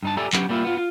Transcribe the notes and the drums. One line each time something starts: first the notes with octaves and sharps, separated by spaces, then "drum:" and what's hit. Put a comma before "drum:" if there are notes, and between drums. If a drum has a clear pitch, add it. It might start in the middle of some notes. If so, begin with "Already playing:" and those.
G2 D#4 A5
G4 A4 D5 E5 G#5 A#5
F#3 B3 C#4 G4, drum: clap
G3 A#3 E4 F4
B3 F4
F4